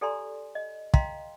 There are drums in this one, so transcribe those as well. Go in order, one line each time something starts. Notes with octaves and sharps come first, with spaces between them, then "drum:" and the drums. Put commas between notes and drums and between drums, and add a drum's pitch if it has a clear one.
G4 A4 D5 G#5 A#5 C6
D#5
D#5 F5 G5 A#5 C6, drum: kick